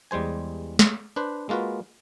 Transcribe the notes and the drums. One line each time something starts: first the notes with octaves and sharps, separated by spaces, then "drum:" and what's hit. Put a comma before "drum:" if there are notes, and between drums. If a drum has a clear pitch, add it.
E2 G3 G#3 C5 G#5
drum: snare
D4 B4 C5
G#3 A#3 F4 F#4 B4